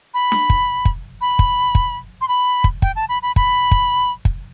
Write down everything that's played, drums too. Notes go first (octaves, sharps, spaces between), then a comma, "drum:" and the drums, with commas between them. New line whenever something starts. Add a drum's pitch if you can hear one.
B5
drum: snare
drum: kick
drum: kick
B5
drum: kick
drum: kick
C6
B5
drum: kick
G5, drum: kick
A5
B5
B5
B5, drum: kick
drum: kick
drum: kick